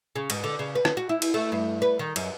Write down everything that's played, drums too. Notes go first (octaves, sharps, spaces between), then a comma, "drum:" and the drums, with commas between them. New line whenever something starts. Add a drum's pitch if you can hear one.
C#3
G#2, drum: cymbal
D3
C#3
B4
drum: rim click
F#4
E4
drum: cymbal
A3
G2
B4
D#3
F#2, drum: cymbal